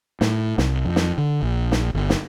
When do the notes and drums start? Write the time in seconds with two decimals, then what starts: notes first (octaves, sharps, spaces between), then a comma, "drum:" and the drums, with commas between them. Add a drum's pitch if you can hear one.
0.21 A2, drum: snare
0.58 C2, drum: snare
0.85 F2
0.96 drum: snare
1.18 D3
1.43 A#1
1.72 drum: snare
1.94 G1
2.10 drum: snare